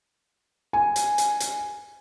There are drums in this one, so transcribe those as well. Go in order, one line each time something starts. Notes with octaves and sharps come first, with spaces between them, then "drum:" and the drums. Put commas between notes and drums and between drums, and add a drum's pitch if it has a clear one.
G#5
drum: hi-hat
drum: hi-hat
drum: hi-hat